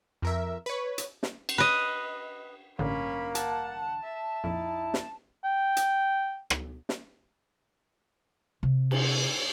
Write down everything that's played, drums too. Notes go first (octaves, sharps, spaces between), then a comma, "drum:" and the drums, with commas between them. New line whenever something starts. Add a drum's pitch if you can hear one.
F2 A#4 E5
B4 C#5
drum: hi-hat
drum: snare
drum: cymbal
B4 D#5
A1 G2 D3 A#3 C#4 B5
F#5 A5, drum: hi-hat
E5
A#1 F2 D#4 E4
drum: snare
G5
drum: hi-hat
drum: rim click
drum: snare
C3
drum: cymbal